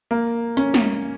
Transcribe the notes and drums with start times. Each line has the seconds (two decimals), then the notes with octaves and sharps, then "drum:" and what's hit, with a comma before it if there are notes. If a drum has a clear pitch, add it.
0.11 A#3
0.57 C#4, drum: hi-hat
0.74 drum: snare